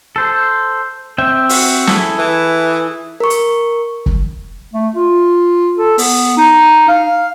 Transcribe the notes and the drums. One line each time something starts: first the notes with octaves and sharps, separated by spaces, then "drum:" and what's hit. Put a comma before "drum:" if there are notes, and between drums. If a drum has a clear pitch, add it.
A4 C5
C4 E5 G5
F#4, drum: open hi-hat
E4 G#4 A4, drum: snare
E3
A#4 C#6
drum: hi-hat
drum: kick
A3
F4
A4
B3, drum: open hi-hat
D#4
F5